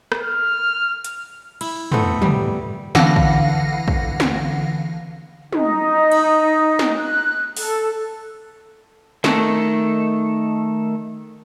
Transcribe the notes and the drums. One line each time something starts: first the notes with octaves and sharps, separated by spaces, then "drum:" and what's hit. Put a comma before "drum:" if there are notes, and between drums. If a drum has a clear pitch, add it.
drum: rim click
F6
drum: hi-hat
E4, drum: cymbal
A3 B3 C4, drum: tom
G3, drum: tom
D3 E3 F5 F#5 A#6, drum: snare
drum: kick
drum: kick
drum: snare
D#4, drum: tom
drum: cymbal
drum: snare
F#6
A4, drum: open hi-hat
D#3 A3 A4, drum: snare